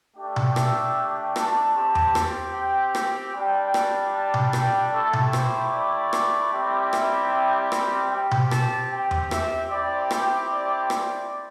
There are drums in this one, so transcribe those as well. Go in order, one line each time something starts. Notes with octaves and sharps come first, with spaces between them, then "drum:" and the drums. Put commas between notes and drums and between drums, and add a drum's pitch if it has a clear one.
A3 D4 G4
drum: tom B2
E5, drum: rim click
A5, drum: rim click
C4 G4
drum: tom E2
drum: rim click
G5
drum: rim click
G3 D4 G4 G5
drum: rim click
A5
drum: tom B2
G5, drum: rim click
A3 E4 G4 A4
drum: tom B2
C5, drum: rim click
D5
drum: rim click
G3 C4 E4 G4
E5, drum: rim click
drum: rim click
C4 G4 G5
drum: tom B2
A5, drum: rim click
G5
drum: tom E2
E5, drum: rim click
C4 E4 G4 D5
G5, drum: rim click
D5
D5, drum: rim click